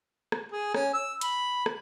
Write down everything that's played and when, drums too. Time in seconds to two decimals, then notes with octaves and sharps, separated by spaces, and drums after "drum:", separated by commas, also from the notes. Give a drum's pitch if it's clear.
0.32 drum: rim click
0.52 G#4
0.74 C#4, drum: rim click
0.93 E6
1.21 B5, drum: hi-hat
1.66 drum: rim click